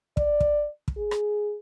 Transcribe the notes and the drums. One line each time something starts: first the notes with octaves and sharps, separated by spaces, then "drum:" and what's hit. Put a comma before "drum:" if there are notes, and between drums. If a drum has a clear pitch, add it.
D5, drum: kick
drum: kick
drum: kick
G#4
drum: rim click